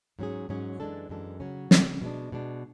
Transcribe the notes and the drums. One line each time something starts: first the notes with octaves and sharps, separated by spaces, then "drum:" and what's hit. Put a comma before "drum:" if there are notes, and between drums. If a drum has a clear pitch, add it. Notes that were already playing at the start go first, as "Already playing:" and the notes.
G#2 F#3 C#4 G#4
G#2 F#3 C#4 G#4
F#2 E3 G#3 D4 A4
F#2 E3 G#3 D4 A4
C#3 F#3 C#4
C#3 F#3 C#4, drum: snare
B2 G#3 D4
B2 G#3 D4